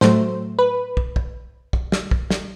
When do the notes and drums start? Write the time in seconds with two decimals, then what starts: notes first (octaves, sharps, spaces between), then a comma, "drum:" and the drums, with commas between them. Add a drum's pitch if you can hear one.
0.01 A2 F#3 A3 C5, drum: snare
0.59 B4
0.97 drum: kick
1.16 drum: kick
1.73 drum: kick
1.92 drum: snare
2.11 drum: kick
2.30 drum: snare